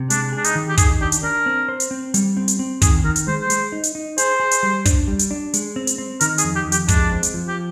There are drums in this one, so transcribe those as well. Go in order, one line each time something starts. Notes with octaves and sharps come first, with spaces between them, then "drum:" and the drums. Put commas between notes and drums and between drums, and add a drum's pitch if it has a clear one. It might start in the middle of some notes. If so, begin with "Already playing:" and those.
Already playing: C3
G#3 D4, drum: hi-hat
D4 G#4
D#4, drum: hi-hat
D#3
G4
D#3 G#4, drum: kick, hi-hat
D4 G4
drum: hi-hat
D4 A#4
C4
C5
drum: hi-hat
C4
G3, drum: hi-hat
C4
drum: hi-hat
C4
D#3 G#4, drum: kick, hi-hat
D#3 A#4
drum: hi-hat
G#3 C5
C5
G#3, drum: hi-hat
D#4
drum: hi-hat
D#4
G#4 C5, drum: hi-hat
G#4
drum: hi-hat
G3
D4, drum: kick, hi-hat
G3
drum: hi-hat
D4
G#3, drum: hi-hat
C4
drum: hi-hat
C4
D#3 A#4, drum: hi-hat
G#4, drum: hi-hat
F2
G4
F2
G4, drum: hi-hat
G#3 D4, drum: kick, hi-hat
C4
drum: hi-hat
F3
G4